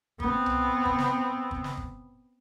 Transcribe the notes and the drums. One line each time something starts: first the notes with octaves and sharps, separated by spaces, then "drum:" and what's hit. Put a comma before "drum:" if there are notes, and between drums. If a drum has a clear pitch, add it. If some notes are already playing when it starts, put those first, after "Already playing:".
B3 C4, drum: kick
drum: tom C2
drum: kick
drum: snare
drum: kick
drum: snare
drum: kick